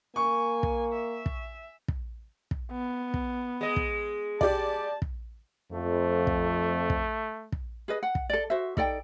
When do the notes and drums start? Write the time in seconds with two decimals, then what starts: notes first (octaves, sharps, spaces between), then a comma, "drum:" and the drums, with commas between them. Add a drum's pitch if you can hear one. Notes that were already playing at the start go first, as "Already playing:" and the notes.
0.16 A#3 G#5 C#6
0.63 drum: kick
0.93 E5
1.26 drum: kick
1.88 drum: kick
2.51 drum: kick
2.72 B3
3.14 drum: kick
3.61 G#3 D#5
3.76 drum: kick
4.41 G4 D5 A5, drum: kick
5.02 drum: kick
5.72 F2 A3
6.27 drum: kick
6.90 drum: kick
7.52 drum: kick
7.88 G#4 B4 D#5
8.03 F#5
8.15 drum: kick
8.30 A4 D5
8.50 F#4 C5 E5
8.77 D#4 A4 D5 G5, drum: kick